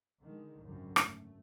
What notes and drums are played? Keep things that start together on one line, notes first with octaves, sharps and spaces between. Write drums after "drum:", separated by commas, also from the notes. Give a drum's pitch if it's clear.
D3 D#3 G#3
G#1 C#2 F#2 D3 G3
A3, drum: rim click